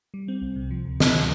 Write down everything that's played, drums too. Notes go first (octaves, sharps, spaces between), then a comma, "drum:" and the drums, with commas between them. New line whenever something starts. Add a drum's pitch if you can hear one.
G3
C4
C2
C3
F3
D2
D2, drum: snare
C3